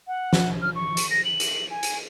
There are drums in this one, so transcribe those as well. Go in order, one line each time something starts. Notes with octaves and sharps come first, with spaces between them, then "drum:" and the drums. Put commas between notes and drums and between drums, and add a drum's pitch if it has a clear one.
F#5
drum: snare
F6
C#6
drum: hi-hat
A#6
F#7
drum: hi-hat
G#5
drum: hi-hat